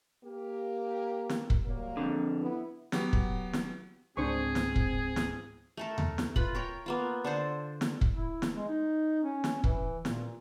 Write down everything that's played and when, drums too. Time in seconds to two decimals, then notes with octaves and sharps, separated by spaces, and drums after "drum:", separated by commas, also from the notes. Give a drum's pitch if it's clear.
0.24 A#3 G4
1.29 drum: snare
1.50 drum: kick
1.65 F#3 G3 A#3
1.97 F2 D3
2.40 B3 E4
2.92 F#3 B3 G4, drum: snare
3.13 drum: kick
3.53 drum: snare
4.17 C#2 G#2 C4 D4 G#4 C5 C#6
4.55 drum: snare
4.76 drum: kick
5.16 drum: snare
5.77 A3 A4 A#4
5.98 drum: tom D#2
6.18 drum: snare
6.36 F4 B4 B5, drum: kick
6.55 A#4 C#5 G5
6.86 A#3 B3 F4
7.24 D3 A4 C5
7.81 drum: snare
8.01 drum: kick
8.14 E4
8.42 drum: snare
8.56 G#3
8.68 D#4
9.24 C#4
9.44 drum: snare
9.64 E3, drum: kick
10.05 A#2, drum: snare